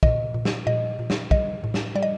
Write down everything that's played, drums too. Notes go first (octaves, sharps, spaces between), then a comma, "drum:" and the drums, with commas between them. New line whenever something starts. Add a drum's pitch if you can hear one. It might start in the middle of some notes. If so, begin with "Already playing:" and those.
A#2 D#5, drum: kick
A#2
drum: snare
A#2 D#5
A#2
drum: snare
G3 D#5, drum: kick
A2
drum: snare
G3 D5
D#5